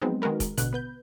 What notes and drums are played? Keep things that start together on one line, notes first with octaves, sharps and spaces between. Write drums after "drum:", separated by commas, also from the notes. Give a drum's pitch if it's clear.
F3 F#3 G#3 B3 C4 D#4
D#3 G#3 F#4 A#4 B4
drum: kick, hi-hat
A1 B2 D3 F#6, drum: hi-hat
B3 B4 G6